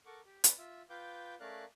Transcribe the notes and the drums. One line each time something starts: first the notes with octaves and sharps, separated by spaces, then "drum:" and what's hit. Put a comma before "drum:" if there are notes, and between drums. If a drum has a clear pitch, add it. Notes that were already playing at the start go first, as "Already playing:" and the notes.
A4 A#4 F#5 C#6 D6
G4
C#4 B4 D5, drum: hi-hat
F4 E5
F4 B4 F5 G5 D6 G6
A3 C#4 A#4 D5 F5 F#6